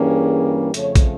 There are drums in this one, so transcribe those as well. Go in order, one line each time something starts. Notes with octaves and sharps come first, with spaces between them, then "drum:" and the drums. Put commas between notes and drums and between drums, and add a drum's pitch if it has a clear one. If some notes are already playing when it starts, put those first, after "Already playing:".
Already playing: G2 E3 G3 A#3 C#4 G#4
F2 C#3 F3 A3 C#5, drum: hi-hat
drum: kick, hi-hat